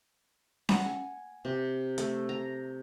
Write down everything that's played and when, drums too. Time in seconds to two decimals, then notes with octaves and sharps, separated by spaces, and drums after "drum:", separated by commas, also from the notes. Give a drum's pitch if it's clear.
0.69 F#5, drum: snare C#4
0.86 G#5
1.45 C3
1.98 A3, drum: hi-hat
2.29 A#5